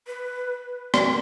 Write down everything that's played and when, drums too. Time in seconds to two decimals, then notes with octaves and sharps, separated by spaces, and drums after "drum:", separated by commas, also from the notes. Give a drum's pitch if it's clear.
0.07 B4
0.94 drum: rim click